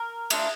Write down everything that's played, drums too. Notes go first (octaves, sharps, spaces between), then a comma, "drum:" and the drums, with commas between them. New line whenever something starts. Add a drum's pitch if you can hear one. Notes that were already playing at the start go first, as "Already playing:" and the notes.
Already playing: A#4
A3 D4 F4, drum: cymbal